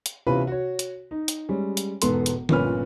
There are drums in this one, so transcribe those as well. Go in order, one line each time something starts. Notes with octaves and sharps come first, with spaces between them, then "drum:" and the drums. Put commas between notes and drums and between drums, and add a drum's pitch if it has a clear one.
drum: hi-hat
C3 E3 B3 C#4 F4 B4
F#4 C#5
drum: hi-hat
D#4
drum: hi-hat
G3 G#3 C#4
drum: hi-hat
E1 G#2 B3 A4 C6, drum: hi-hat
drum: hi-hat
G1 A#2 F3 C#4 B4 F6, drum: tom D3